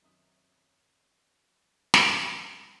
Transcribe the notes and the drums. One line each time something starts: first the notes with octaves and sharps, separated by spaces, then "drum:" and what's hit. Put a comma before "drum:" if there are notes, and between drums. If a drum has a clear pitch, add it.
F#2 D#3 C4 E5 D#6
drum: snare